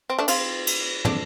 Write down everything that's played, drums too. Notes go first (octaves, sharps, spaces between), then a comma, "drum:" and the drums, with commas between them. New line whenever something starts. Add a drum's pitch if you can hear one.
C4
A3 D4
C4 F4, drum: cymbal
drum: cymbal
A3 D4, drum: tom